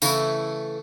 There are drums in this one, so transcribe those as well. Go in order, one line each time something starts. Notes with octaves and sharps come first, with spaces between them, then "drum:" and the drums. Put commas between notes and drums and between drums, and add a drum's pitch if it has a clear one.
C#3 E3 A3 E4, drum: tambourine